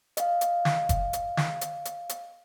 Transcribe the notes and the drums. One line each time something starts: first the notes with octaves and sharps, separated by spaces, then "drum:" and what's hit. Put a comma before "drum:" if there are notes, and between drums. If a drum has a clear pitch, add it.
D#5 F5, drum: hi-hat
drum: hi-hat
drum: snare
drum: kick F#1, hi-hat
drum: hi-hat
drum: snare
drum: hi-hat
drum: hi-hat
drum: hi-hat